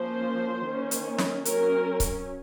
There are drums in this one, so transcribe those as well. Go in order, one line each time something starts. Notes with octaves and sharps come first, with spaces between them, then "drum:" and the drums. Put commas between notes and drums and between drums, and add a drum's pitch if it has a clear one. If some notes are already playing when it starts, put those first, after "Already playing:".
Already playing: F3 A#3 C#4 C5
D#3 A#3 C#4
drum: hi-hat
drum: snare
F#3 C#4 A#4, drum: hi-hat
drum: kick C#1, hi-hat